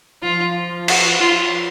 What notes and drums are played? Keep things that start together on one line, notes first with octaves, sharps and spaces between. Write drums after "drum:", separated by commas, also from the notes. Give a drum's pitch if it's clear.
F3 F4
F#4, drum: cymbal
F4